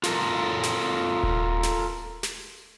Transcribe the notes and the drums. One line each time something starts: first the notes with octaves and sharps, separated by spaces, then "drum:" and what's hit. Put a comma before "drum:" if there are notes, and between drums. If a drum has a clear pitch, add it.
F4 A4 A#4, drum: snare
drum: snare
drum: kick D#1
drum: snare
drum: snare